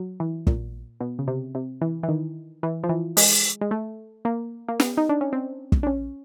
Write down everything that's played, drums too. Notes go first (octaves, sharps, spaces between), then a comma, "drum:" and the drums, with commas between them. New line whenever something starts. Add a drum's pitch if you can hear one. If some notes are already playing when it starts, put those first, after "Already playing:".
Already playing: F#3
E3
A#2, drum: kick
B2
C#3
C3
C3
E3
E3
D#3
E3
F3
E3
G#3, drum: open hi-hat
G#3
A3
A#3
A#3
B3, drum: snare
D#4
D4
C#4
C4
drum: kick
D4
C#4